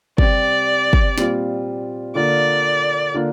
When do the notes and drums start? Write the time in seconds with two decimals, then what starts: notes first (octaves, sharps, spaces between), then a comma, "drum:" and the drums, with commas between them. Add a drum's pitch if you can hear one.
0.18 C3 G3 C4 G4 D5, drum: kick
0.93 drum: kick
1.18 A#2 G3 C4 F4, drum: snare
2.15 D3 A#3 F4 D5
3.14 D3 A#3 D4 F4